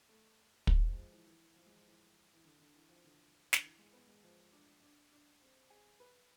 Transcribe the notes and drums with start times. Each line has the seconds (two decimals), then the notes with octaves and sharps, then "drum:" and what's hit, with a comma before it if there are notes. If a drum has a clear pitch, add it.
0.09 A3
0.67 G#3, drum: kick
0.82 F3
0.92 G#3
0.97 F3
1.12 E3
1.27 E3
1.56 F3
1.66 G#3
1.76 F3
1.86 E3
2.33 E3
2.45 D3
2.59 D3
2.75 E3
2.89 F3
3.04 D3
3.53 D3, drum: snare
3.63 E3
3.78 G#3
3.93 B3
4.07 G#3
4.23 F3
4.52 D4
4.81 D4
5.11 D4
5.41 C4
5.70 G#4
6.00 B4